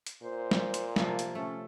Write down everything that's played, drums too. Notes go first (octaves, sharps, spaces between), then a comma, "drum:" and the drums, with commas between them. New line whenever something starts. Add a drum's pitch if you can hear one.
drum: hi-hat
A#2 C5
drum: snare
drum: hi-hat
C3 F3 A#3, drum: snare
drum: hi-hat
A3 C#4